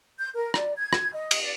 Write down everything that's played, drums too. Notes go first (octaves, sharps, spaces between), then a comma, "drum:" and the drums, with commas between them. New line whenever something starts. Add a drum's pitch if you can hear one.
G6
A#4
D5, drum: rim click
G#6
drum: rim click
D#5
drum: cymbal
D5